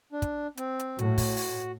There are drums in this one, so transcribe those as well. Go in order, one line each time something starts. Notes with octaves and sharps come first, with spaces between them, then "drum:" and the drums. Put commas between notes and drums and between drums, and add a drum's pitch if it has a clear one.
D4
drum: kick, hi-hat
C4, drum: hi-hat
drum: hi-hat
A2 F#4, drum: hi-hat
drum: kick, open hi-hat
drum: open hi-hat